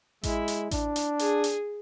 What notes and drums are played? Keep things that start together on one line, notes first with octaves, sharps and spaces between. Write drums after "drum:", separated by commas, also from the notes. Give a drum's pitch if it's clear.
G#3 E4, drum: kick A1, hi-hat
drum: hi-hat
D4, drum: kick A1, hi-hat
drum: hi-hat
G#4, drum: hi-hat
drum: hi-hat